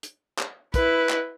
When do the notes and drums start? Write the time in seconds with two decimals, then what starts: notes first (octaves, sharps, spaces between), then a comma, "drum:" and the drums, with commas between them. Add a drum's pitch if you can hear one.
0.03 drum: hi-hat
0.39 drum: clap
0.74 E4 B4, drum: kick, hi-hat
1.09 drum: clap